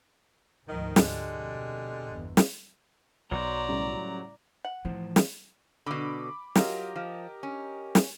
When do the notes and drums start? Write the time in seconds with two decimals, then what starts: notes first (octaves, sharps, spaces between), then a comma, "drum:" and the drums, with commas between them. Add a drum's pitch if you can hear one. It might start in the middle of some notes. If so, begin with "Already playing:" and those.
0.68 D2 G#2 D#3 F3
0.96 D3 G3 G#3, drum: snare
1.26 F2 B2
2.10 G1 E2 A#2
2.37 drum: snare
3.31 B1 F#3 F#4 C5 D5 A#5
3.68 A2 C#3 G3
4.65 F#5
4.85 A2 E3 F3 C5
5.16 drum: snare
5.86 B2 D3 B5 D6
6.55 F#3 F4 G4 A#4 D#5, drum: snare
6.96 F3
7.43 C#4
7.95 drum: snare